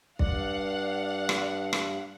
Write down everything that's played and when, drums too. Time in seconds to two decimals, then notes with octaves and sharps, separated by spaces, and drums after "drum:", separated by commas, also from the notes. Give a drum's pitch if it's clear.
0.19 G2 D5 F5 F#5, drum: kick
1.29 drum: rim click
1.73 drum: rim click